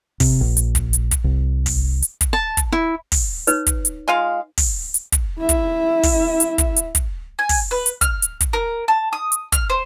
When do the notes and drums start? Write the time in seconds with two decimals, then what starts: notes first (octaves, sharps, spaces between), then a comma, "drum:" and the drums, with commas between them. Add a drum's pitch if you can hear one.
0.20 C3, drum: kick, open hi-hat
0.41 A#1
0.57 drum: hi-hat
0.75 drum: kick, hi-hat
0.93 drum: hi-hat
1.11 drum: kick, hi-hat
1.24 C2
1.66 drum: kick, open hi-hat
2.02 drum: hi-hat
2.21 drum: kick, hi-hat
2.33 A5
2.57 drum: kick, hi-hat
2.72 E4
3.12 drum: kick, open hi-hat
3.47 D#4 B4 C#5, drum: hi-hat
3.66 drum: kick, hi-hat
3.85 drum: hi-hat
4.08 G#3 F4 F5
4.58 drum: kick, open hi-hat
4.94 drum: hi-hat
5.12 drum: kick, hi-hat
5.38 E4 E5
5.49 drum: kick, hi-hat
6.03 drum: kick, open hi-hat
6.40 drum: hi-hat
6.58 drum: kick, hi-hat
6.76 drum: hi-hat
6.95 drum: kick, hi-hat
7.39 G#5
7.49 drum: kick, open hi-hat
7.71 B4
7.86 drum: hi-hat
8.01 F6, drum: kick, hi-hat
8.22 drum: hi-hat
8.40 drum: kick, hi-hat
8.53 A#4
8.88 A5
9.13 D#6
9.32 drum: hi-hat
9.52 F6, drum: kick, hi-hat
9.70 C5